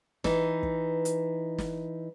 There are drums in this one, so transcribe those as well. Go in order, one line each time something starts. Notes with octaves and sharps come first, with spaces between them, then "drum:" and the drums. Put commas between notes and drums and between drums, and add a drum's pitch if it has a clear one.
E3 D#4, drum: snare
drum: kick
drum: hi-hat
drum: snare